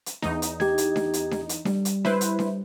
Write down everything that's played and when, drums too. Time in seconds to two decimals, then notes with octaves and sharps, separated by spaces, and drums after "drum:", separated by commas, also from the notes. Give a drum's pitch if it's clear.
0.06 drum: hi-hat
0.22 E2 D#4, drum: snare D4
0.42 drum: hi-hat
0.60 G4 G#6, drum: snare D4
0.78 drum: hi-hat
0.96 drum: snare D4
1.14 drum: hi-hat
1.31 drum: snare D4
1.49 drum: hi-hat
1.65 G3, drum: snare D4
1.85 drum: hi-hat
2.05 E4 B4 C5, drum: snare D4
2.21 drum: hi-hat
2.39 drum: snare D4